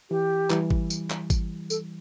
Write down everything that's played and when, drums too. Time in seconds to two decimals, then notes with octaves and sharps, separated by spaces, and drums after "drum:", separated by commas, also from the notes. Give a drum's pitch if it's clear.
0.11 E3 G4
0.50 E3 G3, drum: clap
0.70 drum: kick
0.90 drum: tambourine
1.10 drum: clap
1.30 drum: kick, tambourine
1.70 A4, drum: tambourine